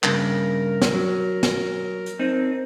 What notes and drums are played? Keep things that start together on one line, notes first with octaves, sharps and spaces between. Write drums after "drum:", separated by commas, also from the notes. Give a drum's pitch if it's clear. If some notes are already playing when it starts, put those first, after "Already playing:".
G2 C#3 A#4, drum: clap
drum: snare
F#3
drum: snare
drum: hi-hat
C4 D#4